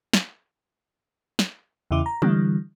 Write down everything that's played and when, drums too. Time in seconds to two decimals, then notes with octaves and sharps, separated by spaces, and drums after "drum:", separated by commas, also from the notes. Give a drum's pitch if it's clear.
0.13 drum: snare
1.39 drum: snare
1.91 E2 C#3 E4 D6
2.06 A#5
2.22 D3 E3 G3, drum: tom G#3